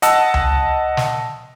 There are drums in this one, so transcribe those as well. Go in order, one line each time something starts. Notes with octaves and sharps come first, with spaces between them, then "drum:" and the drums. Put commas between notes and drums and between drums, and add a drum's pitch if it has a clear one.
D#5 F#5 A5 E6, drum: hi-hat
drum: tom C#2
drum: snare